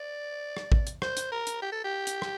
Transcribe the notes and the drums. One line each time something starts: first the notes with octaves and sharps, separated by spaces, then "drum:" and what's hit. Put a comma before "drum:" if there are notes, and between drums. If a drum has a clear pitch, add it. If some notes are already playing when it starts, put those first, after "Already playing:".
Already playing: D5
drum: rim click
drum: kick
drum: hi-hat
C5, drum: rim click
drum: hi-hat
A#4
drum: hi-hat
G4
A4
G4
drum: hi-hat
drum: rim click